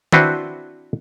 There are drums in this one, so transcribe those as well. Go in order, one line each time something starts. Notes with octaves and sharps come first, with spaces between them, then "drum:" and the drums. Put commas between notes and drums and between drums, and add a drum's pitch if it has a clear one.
C4 D4 E4 F#4 B4 C5, drum: tom D#3